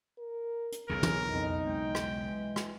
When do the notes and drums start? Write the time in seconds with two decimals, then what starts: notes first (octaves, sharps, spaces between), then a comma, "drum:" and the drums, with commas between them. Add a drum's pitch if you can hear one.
0.19 A#4
0.72 drum: hi-hat
0.90 B1 E2 C#3 G#4 A#4
1.03 drum: tom
1.30 F2 D#4
1.66 G#3 G5
1.95 drum: rim click
2.25 E3
2.56 drum: rim click